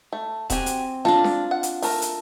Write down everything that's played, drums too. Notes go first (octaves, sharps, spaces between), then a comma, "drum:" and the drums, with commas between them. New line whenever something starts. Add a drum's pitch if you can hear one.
A3
C4 F#4 G4 G#5, drum: kick D#1, hi-hat
drum: hi-hat
D4 F4 A4 A5 A#5, drum: snare
drum: snare
F#5
drum: hi-hat
A3 A#4 A#5, drum: open hi-hat
drum: hi-hat